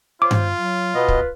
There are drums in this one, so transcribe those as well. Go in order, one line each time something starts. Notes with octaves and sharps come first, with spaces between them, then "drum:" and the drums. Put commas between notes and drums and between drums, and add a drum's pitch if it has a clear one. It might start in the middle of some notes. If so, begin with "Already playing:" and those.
F4 C5 C#5 D6
drum: tom G2
F#3
B2 B3 B4 D#5
drum: kick